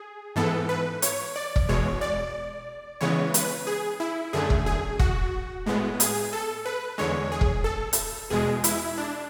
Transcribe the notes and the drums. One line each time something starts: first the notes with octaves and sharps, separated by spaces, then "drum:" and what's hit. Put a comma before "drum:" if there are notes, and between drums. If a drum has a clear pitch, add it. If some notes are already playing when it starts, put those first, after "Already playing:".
Already playing: G#4
G#2 E3 B3 A4
B4
C#5, drum: hi-hat
D5
drum: kick E1
E2 B2 G#3 C#5
D5
C#3 E3 G#3 B3 C#5
B4, drum: hi-hat
G#4
E4
F#2 D3 A3 G#4
drum: kick E1
G#4
F#4, drum: kick E1
A2 G#3 B3
G#4, drum: hi-hat
A4
B4
E2 D3 G#3 C#5
G#4
drum: kick E1
A4
drum: hi-hat
E2 B2 G#3 G#4
E4, drum: hi-hat
D4